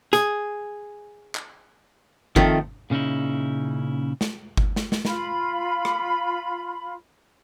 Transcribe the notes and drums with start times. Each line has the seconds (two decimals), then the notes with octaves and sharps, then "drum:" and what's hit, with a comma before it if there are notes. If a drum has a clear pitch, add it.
0.13 G#4, drum: hi-hat
1.35 drum: clap
2.36 D#3 F3 A3 C4, drum: kick G1
2.90 A#2 C#3 C#4 D#4 E4
4.21 drum: snare
4.57 drum: kick G1
4.76 drum: snare
4.92 drum: snare
5.05 F4 B5, drum: snare
5.85 drum: rim click